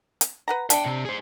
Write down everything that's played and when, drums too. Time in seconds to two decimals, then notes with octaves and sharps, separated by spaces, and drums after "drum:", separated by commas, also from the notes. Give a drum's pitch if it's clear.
0.21 drum: hi-hat
0.48 B4 F#5 A#5
0.70 D4 E5 G5, drum: hi-hat
0.86 C3
1.05 G#4 C5